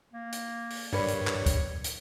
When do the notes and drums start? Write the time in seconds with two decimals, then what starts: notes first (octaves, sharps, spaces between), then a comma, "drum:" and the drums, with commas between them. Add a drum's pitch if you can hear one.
0.13 A#3
0.32 drum: hi-hat
0.70 drum: open hi-hat
0.93 G2 A#4 B4 C#5 D5
1.08 drum: hi-hat
1.27 drum: clap
1.46 drum: kick, hi-hat
1.84 drum: hi-hat